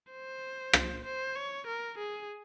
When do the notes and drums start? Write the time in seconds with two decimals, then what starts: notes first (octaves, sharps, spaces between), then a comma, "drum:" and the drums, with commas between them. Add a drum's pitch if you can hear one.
0.11 C5
0.73 drum: rim click
1.04 C5
1.35 C#5
1.67 A#4
1.98 G#4